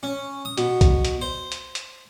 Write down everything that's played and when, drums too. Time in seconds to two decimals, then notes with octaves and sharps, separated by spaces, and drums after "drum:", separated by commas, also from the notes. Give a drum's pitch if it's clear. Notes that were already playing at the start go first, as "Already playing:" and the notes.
0.03 C#4
0.45 D#6
0.58 B2, drum: hi-hat
0.81 drum: kick B1, hi-hat
1.05 drum: hi-hat
1.21 C5
1.52 drum: hi-hat
1.75 drum: hi-hat